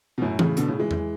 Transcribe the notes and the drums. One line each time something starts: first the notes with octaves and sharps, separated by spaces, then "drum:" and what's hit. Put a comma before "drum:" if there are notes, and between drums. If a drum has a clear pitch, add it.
B2
F#2 A2
A2 C#3, drum: tom E3
B2 D3, drum: hi-hat
A2 C#3
E3 G#3
drum: tom E2